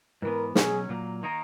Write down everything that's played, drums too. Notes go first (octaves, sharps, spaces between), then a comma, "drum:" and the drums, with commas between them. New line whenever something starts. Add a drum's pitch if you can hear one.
G#2 E3 B3 A#4
B2 F#3 C#4 G#4, drum: snare
A#2 F#3 A#3
D#3 A#3 D#4 A#4